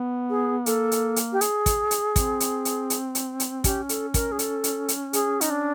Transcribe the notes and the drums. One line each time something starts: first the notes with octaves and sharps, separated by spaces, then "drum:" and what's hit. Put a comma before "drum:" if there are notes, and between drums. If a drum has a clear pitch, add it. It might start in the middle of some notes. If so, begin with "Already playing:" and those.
Already playing: B3
G#4
A#3 A4, drum: hi-hat
drum: hi-hat
drum: hi-hat
G4
G#4, drum: hi-hat
drum: kick, hi-hat
drum: hi-hat
C4, drum: kick, hi-hat
drum: hi-hat
drum: hi-hat
drum: hi-hat
drum: hi-hat
drum: hi-hat
C#4 G4, drum: kick, hi-hat
A4, drum: hi-hat
A#4, drum: kick, hi-hat
G#4
A4, drum: hi-hat
drum: hi-hat
drum: hi-hat
G#4, drum: hi-hat
D#4, drum: hi-hat
D4